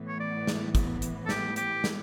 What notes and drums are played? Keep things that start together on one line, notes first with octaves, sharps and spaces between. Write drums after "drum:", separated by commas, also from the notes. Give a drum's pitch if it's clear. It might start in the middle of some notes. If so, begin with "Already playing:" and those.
Already playing: A2 E3 B3
C#5
D5
drum: snare
drum: kick, hi-hat
drum: hi-hat
A4
G4, drum: snare
G4, drum: hi-hat
drum: snare